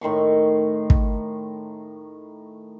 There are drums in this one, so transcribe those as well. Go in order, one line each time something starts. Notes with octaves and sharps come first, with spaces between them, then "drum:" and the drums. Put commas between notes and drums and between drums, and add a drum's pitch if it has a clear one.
A2 D#3 C6 C#6
drum: kick